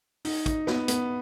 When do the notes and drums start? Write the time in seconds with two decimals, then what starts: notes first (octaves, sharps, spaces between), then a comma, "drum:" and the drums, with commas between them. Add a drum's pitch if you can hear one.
0.25 D#4, drum: open hi-hat
0.46 D#4, drum: kick, hi-hat
0.67 B3, drum: snare
0.88 B3, drum: hi-hat